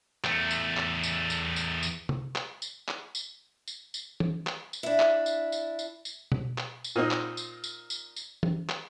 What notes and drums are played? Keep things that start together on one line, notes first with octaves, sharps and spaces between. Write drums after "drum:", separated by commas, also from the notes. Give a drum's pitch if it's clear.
E2 A3, drum: clap
drum: tambourine
drum: clap
drum: tambourine
drum: tambourine
drum: tambourine
drum: tambourine
drum: tom
drum: clap
drum: tambourine
drum: clap
drum: tambourine
drum: tambourine
drum: tambourine
drum: tom E3
drum: clap
drum: tambourine
D4 E4
drum: clap
drum: tambourine
drum: tambourine
drum: tambourine
drum: tambourine
drum: tom B2
drum: clap
drum: tambourine
A#2 A#3 C4 D#4
drum: clap
drum: tambourine
drum: tambourine
drum: tambourine
drum: tambourine
drum: tom E3
drum: clap